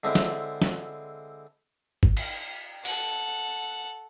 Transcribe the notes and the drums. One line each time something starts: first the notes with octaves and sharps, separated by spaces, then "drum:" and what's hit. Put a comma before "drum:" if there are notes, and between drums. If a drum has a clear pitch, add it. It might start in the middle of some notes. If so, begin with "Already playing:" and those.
D3 G#3 C4 E4 A#4
drum: snare
drum: snare
drum: kick G1
drum: cymbal
A4 F#5, drum: open hi-hat